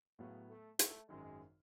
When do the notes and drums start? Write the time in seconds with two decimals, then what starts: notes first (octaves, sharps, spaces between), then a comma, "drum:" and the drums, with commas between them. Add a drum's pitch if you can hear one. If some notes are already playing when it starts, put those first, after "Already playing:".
0.19 A2 C#3 F#3 B3
0.49 A3
0.79 A3, drum: hi-hat
1.09 G#1 F#2 D#3 G#3